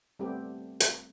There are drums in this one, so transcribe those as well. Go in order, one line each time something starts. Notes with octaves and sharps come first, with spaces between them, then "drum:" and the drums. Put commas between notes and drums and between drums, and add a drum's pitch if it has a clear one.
G3 A3 B3 C4 G4
drum: hi-hat